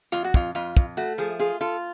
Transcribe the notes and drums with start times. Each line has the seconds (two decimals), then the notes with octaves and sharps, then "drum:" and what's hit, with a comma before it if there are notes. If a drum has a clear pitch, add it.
0.12 F2 F4, drum: rim click
0.24 F#4
0.34 F2 F4, drum: kick
0.55 F2 F4
0.77 F2, drum: kick
0.97 A3 F#4
1.18 F3 G#4
1.40 F4 G#4
1.61 F4 A4